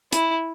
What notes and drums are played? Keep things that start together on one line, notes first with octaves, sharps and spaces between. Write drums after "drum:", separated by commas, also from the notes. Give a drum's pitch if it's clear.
E4, drum: hi-hat